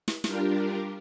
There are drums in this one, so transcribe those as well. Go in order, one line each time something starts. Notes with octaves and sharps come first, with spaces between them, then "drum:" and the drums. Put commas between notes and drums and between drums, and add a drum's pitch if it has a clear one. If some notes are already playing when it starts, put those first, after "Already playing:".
drum: snare
G3 D4 F4 G4 A#4, drum: snare